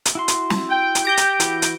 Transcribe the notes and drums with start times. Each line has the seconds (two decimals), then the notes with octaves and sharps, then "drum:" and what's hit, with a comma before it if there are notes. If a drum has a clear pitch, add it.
0.05 drum: hi-hat
0.15 E4 F#4 C6
0.28 drum: hi-hat
0.50 drum: snare
0.70 G5
0.95 drum: hi-hat
1.05 G4 G6 A#6 D7
1.17 drum: hi-hat
1.40 E3 E4 F#4, drum: hi-hat
1.62 drum: hi-hat